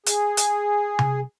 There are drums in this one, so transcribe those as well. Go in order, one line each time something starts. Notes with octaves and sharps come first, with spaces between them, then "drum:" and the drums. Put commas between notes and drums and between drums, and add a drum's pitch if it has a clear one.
G#4, drum: hi-hat
drum: hi-hat
drum: tom C3